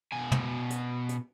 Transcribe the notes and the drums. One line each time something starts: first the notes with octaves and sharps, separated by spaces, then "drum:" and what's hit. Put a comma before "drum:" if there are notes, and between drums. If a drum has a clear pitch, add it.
B2 G#5
drum: tom
drum: hi-hat
drum: hi-hat